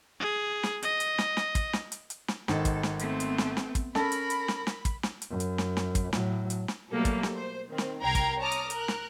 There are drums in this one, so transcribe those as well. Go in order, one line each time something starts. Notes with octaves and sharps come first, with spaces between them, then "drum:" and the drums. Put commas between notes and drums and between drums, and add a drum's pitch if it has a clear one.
G#4
drum: snare
D#5, drum: hi-hat
drum: hi-hat
drum: snare
drum: snare
drum: kick, hi-hat
drum: snare
drum: hi-hat
drum: hi-hat
drum: snare
G#1 D#3 A4, drum: snare
drum: kick, hi-hat
drum: snare
A3 B3 C4, drum: hi-hat
drum: hi-hat
drum: snare
drum: snare
drum: kick, hi-hat
C#4 A4 A#4 A5 B5, drum: snare
drum: hi-hat
drum: hi-hat
drum: snare
drum: snare
drum: kick, hi-hat
drum: snare
drum: hi-hat
F#2
drum: hi-hat
drum: snare
drum: snare
drum: kick, hi-hat
A2 F#3, drum: snare
drum: hi-hat
drum: snare
B2 F#3 G3 A3 A#3 A4
drum: kick, hi-hat
drum: snare
C5
D#3 C4
drum: snare
C2 A#4 G5 A#5 G#6 C7
drum: kick, hi-hat
C#5 A5 A#5 D6 D#6 F6
drum: hi-hat
A#4 F#6, drum: hi-hat
drum: snare